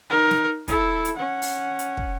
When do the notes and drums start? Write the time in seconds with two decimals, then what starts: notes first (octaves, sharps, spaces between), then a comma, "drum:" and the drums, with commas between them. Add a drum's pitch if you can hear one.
0.10 D#4 A#4
0.31 drum: snare
0.68 E4 A4, drum: kick, hi-hat
1.05 drum: hi-hat
1.16 C#4 F#5
1.42 drum: open hi-hat
1.79 drum: hi-hat
1.97 drum: kick